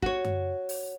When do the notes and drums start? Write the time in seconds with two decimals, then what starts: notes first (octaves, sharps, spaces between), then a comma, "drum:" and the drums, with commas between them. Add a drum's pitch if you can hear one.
0.02 F#4 C#5, drum: kick
0.25 drum: tom F#2
0.69 drum: open hi-hat